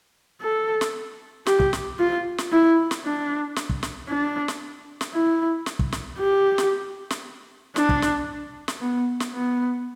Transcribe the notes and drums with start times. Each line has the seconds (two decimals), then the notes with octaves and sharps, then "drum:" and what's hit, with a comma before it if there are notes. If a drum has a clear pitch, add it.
0.41 A4
0.81 drum: snare
1.46 G4, drum: snare
1.60 drum: kick
1.73 drum: snare
1.99 F4
2.38 drum: snare
2.52 E4
2.91 drum: snare
3.04 D4
3.56 drum: snare
3.70 drum: kick
3.83 drum: snare
4.08 D4
4.48 drum: snare
5.01 drum: snare
5.13 E4
5.66 drum: snare
5.79 drum: kick
5.92 drum: snare
6.19 G4
6.58 drum: snare
7.10 drum: snare
7.76 D4, drum: snare
7.89 drum: kick
8.02 drum: snare
8.68 drum: snare
8.80 B3
9.20 drum: snare
9.33 B3